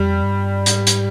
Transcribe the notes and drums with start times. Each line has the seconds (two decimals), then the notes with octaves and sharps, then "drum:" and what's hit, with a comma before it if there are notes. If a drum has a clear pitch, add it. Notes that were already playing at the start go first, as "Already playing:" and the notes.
Already playing: F2 G3
0.23 G2
0.66 G#2, drum: hi-hat
0.87 drum: hi-hat